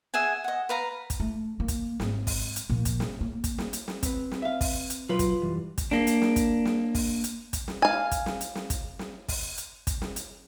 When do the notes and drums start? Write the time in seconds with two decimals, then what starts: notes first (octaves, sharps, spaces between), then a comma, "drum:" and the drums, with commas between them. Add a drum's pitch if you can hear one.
0.14 G#4 E5 F#5 G#5
0.44 D#5 F#5
0.69 B4 F5 A#5
1.10 drum: kick, hi-hat
1.20 A3
1.59 D#3 A#3
1.68 drum: kick, hi-hat
2.00 G#1, drum: snare
2.27 drum: kick, open hi-hat
2.56 drum: hi-hat
2.70 A#2 F3
2.85 drum: kick, hi-hat
3.00 drum: snare
3.21 A#3
3.44 drum: kick, hi-hat
3.58 drum: snare
3.73 drum: hi-hat
3.88 drum: snare
4.03 C4 B4, drum: kick, hi-hat
4.32 drum: snare
4.42 E5 F5
4.61 drum: kick, open hi-hat
4.90 drum: hi-hat
5.09 B1 F#3 F4 B4
5.19 drum: kick, hi-hat
5.42 F#2 E3 G3
5.78 drum: kick, hi-hat
5.91 A#3 D4, drum: snare
6.07 drum: hi-hat
6.22 drum: snare
6.36 drum: kick, hi-hat
6.65 drum: snare
6.95 drum: kick, open hi-hat
7.24 drum: hi-hat
7.53 drum: kick, hi-hat
7.68 drum: snare
7.82 F5 G#5
8.12 drum: kick, hi-hat
8.26 drum: snare
8.41 drum: hi-hat
8.55 drum: snare
8.70 drum: kick, hi-hat
8.99 drum: snare
9.28 drum: kick, open hi-hat
9.58 drum: hi-hat
9.87 drum: kick, hi-hat
10.02 drum: snare
10.16 drum: hi-hat